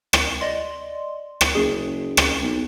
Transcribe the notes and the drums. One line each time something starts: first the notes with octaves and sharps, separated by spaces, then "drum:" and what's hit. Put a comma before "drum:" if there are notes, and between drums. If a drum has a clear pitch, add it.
drum: rim click
D5 D#5 C6
drum: rim click
F#1 G#4
drum: rim click
B1